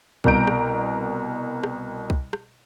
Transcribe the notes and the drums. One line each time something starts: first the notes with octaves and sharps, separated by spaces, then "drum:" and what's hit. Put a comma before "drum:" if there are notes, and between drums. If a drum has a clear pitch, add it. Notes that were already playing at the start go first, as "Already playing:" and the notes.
C2 B2 A#5 G6 D7, drum: kick C2
drum: rim click
drum: rim click
drum: kick C2
drum: rim click